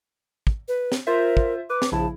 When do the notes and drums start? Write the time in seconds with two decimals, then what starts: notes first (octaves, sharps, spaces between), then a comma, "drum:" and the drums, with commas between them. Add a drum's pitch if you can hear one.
0.47 drum: kick
0.68 B4
0.92 drum: snare
1.07 F4 A#4 C5 E5
1.37 drum: kick
1.70 B4 D6
1.82 drum: snare
1.92 A#1 C#3 E4 A5